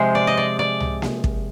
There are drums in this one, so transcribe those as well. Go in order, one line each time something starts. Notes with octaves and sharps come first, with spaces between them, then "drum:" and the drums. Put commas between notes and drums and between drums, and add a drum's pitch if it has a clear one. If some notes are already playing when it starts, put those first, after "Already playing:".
Already playing: C3 F3 G#3 C5
D5
D#5
D5
D5
drum: tom C2
drum: snare A#3
drum: kick